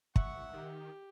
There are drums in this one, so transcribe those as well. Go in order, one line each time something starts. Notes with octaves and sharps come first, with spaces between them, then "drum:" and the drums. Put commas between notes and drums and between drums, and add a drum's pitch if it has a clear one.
C#2 E5 F#5 C#6, drum: kick
D#3 G4